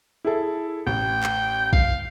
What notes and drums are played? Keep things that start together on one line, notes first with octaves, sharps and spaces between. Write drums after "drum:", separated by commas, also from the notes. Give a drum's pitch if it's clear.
E4 G#4 A4
A1 G5
drum: clap
F5, drum: kick